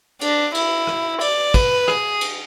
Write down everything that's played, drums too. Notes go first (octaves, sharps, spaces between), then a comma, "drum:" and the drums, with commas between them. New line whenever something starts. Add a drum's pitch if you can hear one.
D4, drum: cymbal
E4, drum: cymbal
drum: rim click
D5, drum: cymbal
B4, drum: kick, cymbal
G#4, drum: rim click
drum: cymbal